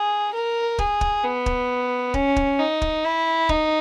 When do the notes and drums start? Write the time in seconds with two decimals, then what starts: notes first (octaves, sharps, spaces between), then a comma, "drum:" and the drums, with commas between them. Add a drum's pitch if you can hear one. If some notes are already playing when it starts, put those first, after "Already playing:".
Already playing: G#4
0.33 A#4
0.78 G#4, drum: kick
1.01 drum: kick
1.24 B3
1.46 drum: kick
2.14 C#4, drum: kick
2.36 drum: kick
2.59 D#4
2.82 drum: kick
3.04 E4
3.49 D#4, drum: kick